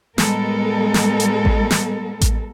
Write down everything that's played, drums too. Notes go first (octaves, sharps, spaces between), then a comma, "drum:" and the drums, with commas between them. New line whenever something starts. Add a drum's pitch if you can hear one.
A2 G3 G#3 B3 A4 A#4, drum: snare
drum: snare
drum: hi-hat
drum: kick A1
drum: snare
drum: kick A1, hi-hat